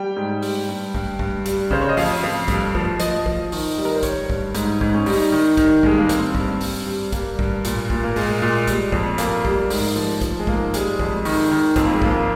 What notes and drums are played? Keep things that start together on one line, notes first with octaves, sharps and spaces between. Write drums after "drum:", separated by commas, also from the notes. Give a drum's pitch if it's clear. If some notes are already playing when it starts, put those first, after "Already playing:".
Already playing: G3 G5
G#2
G3, drum: open hi-hat
G2
G2, drum: kick A#1
G2, drum: kick A#1
G3, drum: hi-hat
C#3 C5, drum: kick A#1
C#5
D#5
F2 F5, drum: open hi-hat
F2
G2, drum: kick A#1, hi-hat
F3, drum: kick A#1
F3 D#5, drum: hi-hat
F3, drum: kick A#1
D#3, drum: open hi-hat
G3
A#4
C5
G3 C#5, drum: kick A#1, hi-hat
G2, drum: kick A#1
G#2, drum: hi-hat
G#2, drum: kick A#1
C#4
G3 D#4, drum: open hi-hat
D#3
D#3, drum: kick A#1, hi-hat
G2 G#3, drum: kick A#1
A#3
G2 C4, drum: hi-hat
G2, drum: kick A#1
G2, drum: open hi-hat
G3
G3 A#3, drum: kick A#1, hi-hat
G2, drum: kick A#1
A#2, drum: hi-hat
A#2, drum: kick A#1
A#3
A#2 G#3, drum: open hi-hat
A#2
G3, drum: kick A#1, hi-hat
F2, drum: kick A#1
F2 A#3, drum: hi-hat
G3, drum: kick A#1
G#2, drum: open hi-hat
F3
F3, drum: kick A#1, hi-hat
G#3
G#2 A#3, drum: kick A#1
G3 G#3, drum: hi-hat
F2, drum: kick A#1
D#3, drum: open hi-hat
D#3
F2 C4, drum: kick A#1, hi-hat
A#3
G#3
F2 A#3, drum: kick A#1